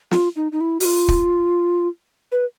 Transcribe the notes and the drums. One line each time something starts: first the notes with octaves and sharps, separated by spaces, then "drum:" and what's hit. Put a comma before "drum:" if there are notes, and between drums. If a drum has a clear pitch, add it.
F4, drum: snare
D#4
D#4
E4
F#4, drum: open hi-hat
F4
drum: kick
B4